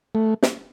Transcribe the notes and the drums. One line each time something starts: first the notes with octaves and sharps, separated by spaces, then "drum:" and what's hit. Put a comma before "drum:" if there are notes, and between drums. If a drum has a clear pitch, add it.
A3
drum: snare